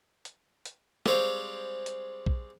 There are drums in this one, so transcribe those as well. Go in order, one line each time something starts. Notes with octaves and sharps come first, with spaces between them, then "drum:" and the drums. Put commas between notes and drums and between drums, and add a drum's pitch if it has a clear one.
drum: hi-hat
drum: hi-hat
G3 G#3 C4 C5 C#5 F5, drum: snare
drum: hi-hat
drum: kick A#1